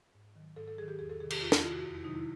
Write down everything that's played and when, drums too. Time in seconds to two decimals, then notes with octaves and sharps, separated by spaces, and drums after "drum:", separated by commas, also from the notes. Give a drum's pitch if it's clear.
0.15 G#2
0.36 D#3 F#3
0.56 G#2 A4
0.67 A4
0.77 D#3 F#3 G#4
0.88 G4
0.99 E2 G#4
1.10 A4
1.20 C3 D#3 G#4
1.30 G4, drum: cymbal
1.41 E2 F4
1.52 E4, drum: snare
1.62 C3 D#3 F4
1.73 F#4
1.83 F2 F#4
1.94 E4
2.04 C3 D#3 F#3 D#4
2.15 E4